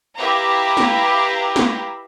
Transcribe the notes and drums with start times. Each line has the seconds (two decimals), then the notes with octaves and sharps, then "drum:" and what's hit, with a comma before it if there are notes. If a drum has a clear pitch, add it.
0.18 E4 G4 B4 E5 F5 A#5
0.77 drum: snare
1.56 drum: snare